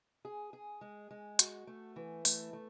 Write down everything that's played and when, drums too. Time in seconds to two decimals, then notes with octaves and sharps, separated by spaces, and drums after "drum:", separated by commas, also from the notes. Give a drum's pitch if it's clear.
0.25 G#4
0.53 G#4
0.81 G#3
1.11 G#3
1.39 F#4, drum: hi-hat
1.67 A3
1.96 E3
2.25 A3, drum: open hi-hat
2.53 A3